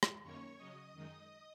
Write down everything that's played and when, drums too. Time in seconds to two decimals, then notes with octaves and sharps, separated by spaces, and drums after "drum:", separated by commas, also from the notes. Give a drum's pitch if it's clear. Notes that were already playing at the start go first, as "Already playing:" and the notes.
0.03 drum: rim click
0.23 F#2 D#3 A#3 C#4 C#5 C#6
0.58 C#3 F#3 C#4 D#5 D#6
0.94 F#2 D#3 G#3 D#4